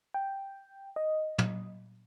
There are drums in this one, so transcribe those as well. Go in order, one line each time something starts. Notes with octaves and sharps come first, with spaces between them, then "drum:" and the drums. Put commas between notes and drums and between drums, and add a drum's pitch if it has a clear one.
G5
D#5
drum: tom